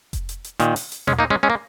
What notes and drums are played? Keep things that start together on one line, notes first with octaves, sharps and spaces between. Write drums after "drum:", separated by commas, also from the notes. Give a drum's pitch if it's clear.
drum: kick F1, hi-hat
drum: hi-hat
drum: hi-hat
A#2 D#3, drum: hi-hat
drum: open hi-hat
drum: hi-hat
G#3 C#4, drum: tom A#2
A#3 D#4
G#3 C#4
G#3 C#4
A#3